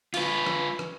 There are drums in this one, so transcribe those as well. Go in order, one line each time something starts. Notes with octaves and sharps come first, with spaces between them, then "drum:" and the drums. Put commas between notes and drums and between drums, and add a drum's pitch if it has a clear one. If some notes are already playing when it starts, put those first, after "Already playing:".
F4 B4, drum: cymbal
drum: rim click
drum: rim click